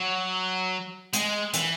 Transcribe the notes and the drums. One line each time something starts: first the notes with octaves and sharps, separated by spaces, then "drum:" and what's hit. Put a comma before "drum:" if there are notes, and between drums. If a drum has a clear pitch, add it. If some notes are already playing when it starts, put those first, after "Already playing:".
Already playing: F#3
G#3, drum: hi-hat
E3, drum: hi-hat